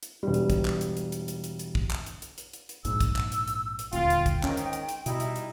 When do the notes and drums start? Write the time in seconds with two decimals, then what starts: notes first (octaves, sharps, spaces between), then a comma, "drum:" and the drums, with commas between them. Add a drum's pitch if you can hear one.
0.03 drum: hi-hat
0.23 E1 G3
0.34 drum: hi-hat
0.50 drum: kick, hi-hat
0.65 drum: clap
0.81 drum: hi-hat
0.97 drum: hi-hat
1.12 drum: hi-hat
1.28 drum: hi-hat
1.44 drum: hi-hat
1.59 drum: hi-hat
1.75 drum: kick
1.91 drum: clap
2.06 drum: hi-hat
2.22 drum: hi-hat
2.38 drum: hi-hat
2.53 drum: hi-hat
2.69 drum: hi-hat
2.85 A#1 G#2 E6, drum: hi-hat
3.00 drum: kick, hi-hat
3.16 drum: clap
3.32 drum: hi-hat
3.48 drum: hi-hat
3.79 drum: hi-hat
3.93 D#1 D2 F4 G5, drum: hi-hat
4.10 drum: hi-hat
4.26 drum: kick, hi-hat
4.44 G#2 D#3 C#4, drum: clap
4.57 drum: hi-hat
4.73 drum: hi-hat
4.89 drum: hi-hat
5.06 B2 G3 D#4 E4, drum: hi-hat
5.20 drum: hi-hat
5.36 drum: hi-hat